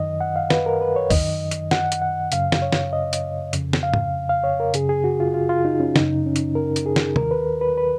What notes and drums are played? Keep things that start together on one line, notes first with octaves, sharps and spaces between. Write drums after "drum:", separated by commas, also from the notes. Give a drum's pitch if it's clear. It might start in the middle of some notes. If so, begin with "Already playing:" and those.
Already playing: F#2 D#3 D#5
F#5
F5
B4, drum: snare
A#4
B4
C#5
F#2 D#3 D#5, drum: kick, open hi-hat
drum: hi-hat
F#5, drum: snare
drum: hi-hat
F#5
F#2 C#3 F5, drum: hi-hat
drum: snare
C#5
drum: snare
D#5
drum: hi-hat
F2 C#3, drum: hi-hat
drum: snare
F5
drum: tom
F5
C#5
A#4
F#2 C#3 G#4, drum: hi-hat
G#4
F#4
F4
F4
F4
D#4
C#4
F#2 C#3 D#4, drum: snare
C#4
drum: hi-hat
A#4
drum: hi-hat
G#4
drum: snare
D#2 D#3 A#4, drum: tom C3
B4
B4
B4